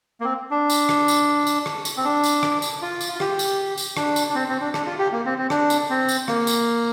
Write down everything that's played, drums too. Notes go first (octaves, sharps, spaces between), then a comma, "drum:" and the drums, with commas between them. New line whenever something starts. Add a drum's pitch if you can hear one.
A#3
C4
D4
drum: tambourine
drum: rim click
drum: tambourine
drum: tambourine
drum: rim click
drum: tambourine
C4
D4
drum: tambourine
drum: rim click
drum: tambourine
F4
drum: tambourine
F4
G4, drum: rim click
drum: tambourine
drum: tambourine
D4, drum: rim click
drum: tambourine
D4
C4
C4
D4
D4, drum: rim click
F4
G4
A#3
C4
C4
D4, drum: rim click
drum: tambourine
C4
drum: tambourine
A#3, drum: rim click
drum: tambourine